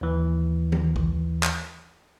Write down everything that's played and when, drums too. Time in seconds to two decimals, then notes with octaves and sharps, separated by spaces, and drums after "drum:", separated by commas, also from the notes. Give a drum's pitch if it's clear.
0.01 D#2 E3
0.72 drum: tom D#3
0.96 drum: kick A#1
1.43 drum: clap